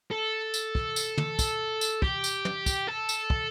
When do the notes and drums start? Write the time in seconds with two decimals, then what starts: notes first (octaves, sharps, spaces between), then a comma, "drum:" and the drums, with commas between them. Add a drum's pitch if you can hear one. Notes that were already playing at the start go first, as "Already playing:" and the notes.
0.11 A4
0.54 drum: tambourine
0.75 drum: kick
0.96 drum: tambourine
1.18 drum: tom
1.39 drum: kick, tambourine
1.81 drum: tambourine
2.02 G4, drum: kick
2.24 drum: tambourine
2.45 drum: tom
2.66 drum: kick, tambourine
2.88 A4
3.09 drum: tambourine
3.30 drum: kick